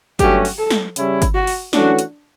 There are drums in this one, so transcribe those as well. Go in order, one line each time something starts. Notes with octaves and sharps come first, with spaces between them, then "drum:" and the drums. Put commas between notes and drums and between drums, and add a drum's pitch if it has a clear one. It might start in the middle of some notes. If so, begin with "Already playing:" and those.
G2 F#3 A3 C#4 F#4 G4, drum: kick G1, hi-hat
drum: open hi-hat
A4
drum: snare
C#3 G3 C#4 E4, drum: hi-hat
drum: kick G1, hi-hat
F#4
drum: open hi-hat
E3 A3 C#4 D4 F#4, drum: snare
drum: hi-hat